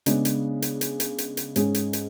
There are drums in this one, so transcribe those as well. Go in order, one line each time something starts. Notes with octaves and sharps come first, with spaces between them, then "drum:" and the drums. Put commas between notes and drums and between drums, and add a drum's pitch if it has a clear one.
C#3 G#3 B3 D4, drum: hi-hat
drum: hi-hat
drum: hi-hat
drum: hi-hat
drum: hi-hat
drum: hi-hat
drum: hi-hat
G#2 G#3 C#4 G#4, drum: hi-hat
drum: hi-hat
drum: hi-hat